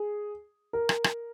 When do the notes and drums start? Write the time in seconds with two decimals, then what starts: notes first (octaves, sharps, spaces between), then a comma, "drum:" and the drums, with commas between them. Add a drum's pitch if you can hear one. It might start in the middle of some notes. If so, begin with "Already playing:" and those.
Already playing: G#4
0.73 A#4
0.89 drum: rim click
1.04 drum: rim click